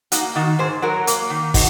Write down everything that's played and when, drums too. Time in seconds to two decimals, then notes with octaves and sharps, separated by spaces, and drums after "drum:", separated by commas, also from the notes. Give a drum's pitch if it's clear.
0.12 A#3 D#4 F#4, drum: hi-hat
0.36 D#3 D#4 F#4
0.59 G#2 G#4 C5
0.82 F#3 F#4 A#4
1.07 A#3, drum: hi-hat
1.30 D#3
1.54 D#4 F#4, drum: kick, open hi-hat